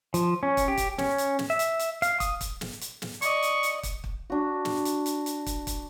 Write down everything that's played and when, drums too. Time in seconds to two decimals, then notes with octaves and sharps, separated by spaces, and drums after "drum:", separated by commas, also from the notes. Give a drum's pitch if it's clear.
0.14 F3, drum: hi-hat
0.43 C#4
0.57 drum: kick, hi-hat
0.68 G4
0.77 drum: kick, hi-hat
0.98 C#4, drum: snare
1.18 drum: hi-hat
1.39 drum: snare
1.50 E5
1.59 drum: hi-hat
1.79 drum: hi-hat
2.02 F5, drum: hi-hat
2.20 D#6, drum: kick, hi-hat
2.41 drum: kick, hi-hat
2.61 drum: snare
2.81 drum: hi-hat
3.02 drum: snare
3.22 D5 D#5 C#6, drum: hi-hat
3.43 drum: hi-hat
3.63 drum: hi-hat
3.83 drum: kick, hi-hat
4.04 drum: kick
4.30 D4 F#4
4.65 drum: snare
4.85 drum: hi-hat
5.06 drum: hi-hat
5.26 drum: hi-hat
5.46 drum: kick, hi-hat
5.67 drum: kick, hi-hat